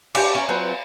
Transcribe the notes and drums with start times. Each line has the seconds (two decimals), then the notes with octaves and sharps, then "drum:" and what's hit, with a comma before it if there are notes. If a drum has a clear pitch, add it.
0.15 D4 G4, drum: cymbal
0.35 C#4 A#5
0.49 F#3 C4 F4 B4